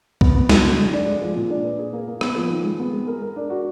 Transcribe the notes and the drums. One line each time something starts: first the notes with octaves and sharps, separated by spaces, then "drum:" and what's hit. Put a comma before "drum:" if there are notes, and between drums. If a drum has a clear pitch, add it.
B3, drum: kick
B3
F#3, drum: snare
D3
G#3
D4
G#3
F3
A#2
D4
B4
G#4
A#3
A#3
B3, drum: rim click
F3
D#3
G#3
B3
G#3
A#4
A#4
D4
F#4